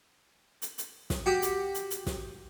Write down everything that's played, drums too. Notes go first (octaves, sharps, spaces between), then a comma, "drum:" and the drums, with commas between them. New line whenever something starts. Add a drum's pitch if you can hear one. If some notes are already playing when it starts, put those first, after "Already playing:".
drum: hi-hat
drum: hi-hat
drum: snare
F#4 G4
drum: hi-hat
drum: hi-hat
drum: hi-hat
drum: snare